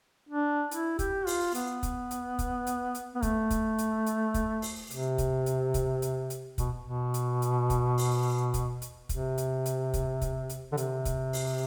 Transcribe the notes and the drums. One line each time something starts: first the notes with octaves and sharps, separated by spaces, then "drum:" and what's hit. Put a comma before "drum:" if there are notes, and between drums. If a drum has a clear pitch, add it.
D4
E4, drum: hi-hat
G4, drum: kick, hi-hat
F4, drum: open hi-hat
B3, drum: hi-hat
drum: kick, hi-hat
drum: hi-hat
drum: kick, hi-hat
drum: hi-hat
drum: hi-hat
B3
A3, drum: kick, hi-hat
drum: kick, hi-hat
drum: hi-hat
drum: hi-hat
drum: kick, hi-hat
drum: open hi-hat
C3, drum: hi-hat
drum: kick, hi-hat
drum: hi-hat
drum: kick, hi-hat
drum: hi-hat
drum: hi-hat
B2, drum: kick, hi-hat
B2
drum: hi-hat
drum: hi-hat
drum: kick, hi-hat
drum: open hi-hat
drum: kick, hi-hat
drum: hi-hat
C3, drum: kick, hi-hat
drum: hi-hat
drum: hi-hat
drum: kick, hi-hat
drum: kick, hi-hat
drum: hi-hat
D3
C3, drum: hi-hat
drum: kick, hi-hat
drum: open hi-hat